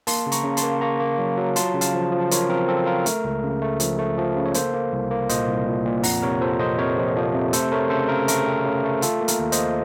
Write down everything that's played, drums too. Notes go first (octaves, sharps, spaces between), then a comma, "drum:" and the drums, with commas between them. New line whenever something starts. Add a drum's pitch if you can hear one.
A#3 A5 C6, drum: open hi-hat
C#3
A#5 C#6, drum: hi-hat
C#3
A5 C6, drum: hi-hat
A#3
A#3 A#5 C#6
A#3
F#3
F#3
F4 A5 C6, drum: hi-hat
C#3
F5 A5, drum: hi-hat
F3
F3
F4 A#4 C#5, drum: hi-hat
C4 A#4
C4 A4
F4 A#4
A3, drum: hi-hat
C#2
C#3
A3
F3, drum: hi-hat
A3
F3
C#3
C#5
A#3 A4 C5, drum: hi-hat
A#3
C2
A#3
A#2 C5 D#5, drum: hi-hat
C2
A#2
A#2
F2 F#5 A#5, drum: open hi-hat
C3 A#4 C#5
F3 A4 C5
F2 C5 D#5
C3 A#4 C#5
F2
F3
C3
A3 A4 C5, drum: hi-hat
A3 A#4 C#5
C#3 A4 C5
C#3 A#4
A3 A#4, drum: hi-hat
C4
C#3
A3
F4 A4, drum: hi-hat
A#3
A#4, drum: hi-hat
D#2
C5 D#5, drum: hi-hat
A#3